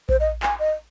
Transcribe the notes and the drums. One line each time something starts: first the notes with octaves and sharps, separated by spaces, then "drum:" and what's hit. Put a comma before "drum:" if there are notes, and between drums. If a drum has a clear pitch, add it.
C5, drum: kick A#1
D#5
G#5, drum: clap
D#5